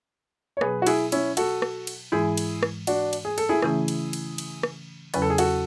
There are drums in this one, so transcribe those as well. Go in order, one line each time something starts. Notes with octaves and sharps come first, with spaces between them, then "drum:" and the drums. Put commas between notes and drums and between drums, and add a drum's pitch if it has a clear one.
C#5
B2 F#3 B3 G#4 B4, drum: rim click
F#4
E4 G#4, drum: cymbal
C#4 E4, drum: cymbal
F#4 A4, drum: cymbal
drum: rim click
drum: cymbal
G#2 E3 G#3 E4 G#4
drum: cymbal
drum: rim click
D4 F#4, drum: cymbal
drum: cymbal
G#4
A4, drum: cymbal
E4 G#4
C#3 E3 A3 C#4 E4 G#4, drum: rim click
drum: cymbal
drum: cymbal
drum: cymbal
drum: rim click
E2 C#3 F#3 C#4 B4, drum: cymbal
A4
G#4
F#4 A4, drum: cymbal